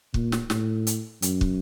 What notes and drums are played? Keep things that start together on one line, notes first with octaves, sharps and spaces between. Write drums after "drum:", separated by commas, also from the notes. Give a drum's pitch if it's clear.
A#2, drum: kick
drum: snare
A2, drum: snare
drum: hi-hat
F#2, drum: hi-hat
drum: kick